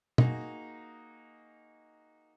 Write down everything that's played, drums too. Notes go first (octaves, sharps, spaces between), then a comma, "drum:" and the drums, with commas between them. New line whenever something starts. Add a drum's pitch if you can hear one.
A#3 D#4 F#4 G#4, drum: tom